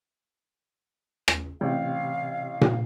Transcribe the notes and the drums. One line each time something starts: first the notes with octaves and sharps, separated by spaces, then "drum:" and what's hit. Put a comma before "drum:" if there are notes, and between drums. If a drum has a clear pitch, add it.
drum: rim click
A1 C3 G4 F5 G5
drum: tom A#2